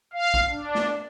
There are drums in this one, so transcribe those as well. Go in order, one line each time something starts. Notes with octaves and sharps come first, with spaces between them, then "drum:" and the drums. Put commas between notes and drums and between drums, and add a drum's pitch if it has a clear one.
F5
drum: kick
D4
drum: snare